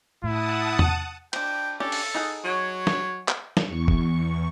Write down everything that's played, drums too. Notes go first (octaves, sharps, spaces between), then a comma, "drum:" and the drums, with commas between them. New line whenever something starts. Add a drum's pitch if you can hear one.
A2 E4 F#5 A5 D#6
drum: tom E2
D4 C5 G5, drum: cymbal
C#4 D4 G4 A4
drum: open hi-hat
D#4 G#4 F#5
F#3 C#5
drum: snare
drum: clap
drum: snare
E2 C#6
drum: kick F#1